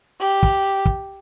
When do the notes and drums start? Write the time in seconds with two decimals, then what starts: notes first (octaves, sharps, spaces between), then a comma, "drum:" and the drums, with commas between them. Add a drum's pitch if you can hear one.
0.21 G4
0.43 drum: kick
0.86 drum: kick